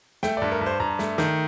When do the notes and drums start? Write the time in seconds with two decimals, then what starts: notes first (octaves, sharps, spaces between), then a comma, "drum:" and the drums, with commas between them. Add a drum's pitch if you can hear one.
0.23 A3 G5, drum: snare
0.37 G2 D5
0.52 A#4
0.61 G2
0.66 C5
0.80 G2 A#5
0.99 A3, drum: snare
1.18 D#3, drum: snare